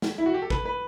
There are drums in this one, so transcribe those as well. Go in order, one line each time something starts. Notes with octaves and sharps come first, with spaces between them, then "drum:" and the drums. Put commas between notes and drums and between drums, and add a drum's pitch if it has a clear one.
drum: snare
E4
F#4
G4
A4
B4, drum: kick
B4